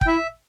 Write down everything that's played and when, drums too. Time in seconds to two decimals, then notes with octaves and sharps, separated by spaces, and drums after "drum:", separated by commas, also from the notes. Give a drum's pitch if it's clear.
0.01 G5, drum: kick
0.07 E4 E5